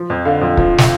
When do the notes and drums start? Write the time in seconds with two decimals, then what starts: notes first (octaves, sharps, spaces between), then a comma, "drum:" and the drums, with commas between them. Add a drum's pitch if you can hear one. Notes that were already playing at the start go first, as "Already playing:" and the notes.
Already playing: F3
0.10 F2
0.25 D3 F5
0.41 F2
0.57 F3, drum: kick
0.78 drum: snare